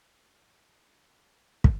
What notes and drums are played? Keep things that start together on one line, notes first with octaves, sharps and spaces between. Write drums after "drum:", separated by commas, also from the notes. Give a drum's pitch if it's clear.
D2 A3 F4
G#3
drum: kick